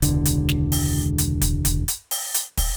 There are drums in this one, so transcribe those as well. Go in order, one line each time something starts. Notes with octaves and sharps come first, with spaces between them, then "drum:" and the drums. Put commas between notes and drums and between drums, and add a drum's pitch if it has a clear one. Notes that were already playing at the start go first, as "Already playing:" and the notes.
E1 C#2 D3, drum: hi-hat
drum: hi-hat
drum: snare
drum: open hi-hat
drum: hi-hat
drum: kick, hi-hat
drum: kick, hi-hat
drum: hi-hat
drum: open hi-hat
drum: hi-hat
drum: kick, open hi-hat